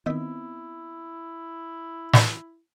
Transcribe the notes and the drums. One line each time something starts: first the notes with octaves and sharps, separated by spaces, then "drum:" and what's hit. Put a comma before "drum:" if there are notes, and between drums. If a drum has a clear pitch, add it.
D#3 B3 C4 E4 E5
drum: snare